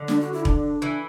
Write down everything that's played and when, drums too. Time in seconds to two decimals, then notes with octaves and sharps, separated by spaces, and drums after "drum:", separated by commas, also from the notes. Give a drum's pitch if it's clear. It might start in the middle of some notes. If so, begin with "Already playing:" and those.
Already playing: D3
0.08 D4, drum: snare
0.20 F#4
0.33 E4
0.45 D4, drum: kick E1
0.82 E3